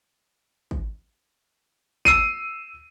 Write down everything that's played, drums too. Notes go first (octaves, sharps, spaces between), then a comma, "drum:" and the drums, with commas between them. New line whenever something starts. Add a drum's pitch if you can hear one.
drum: kick
E6 C7 D#7, drum: kick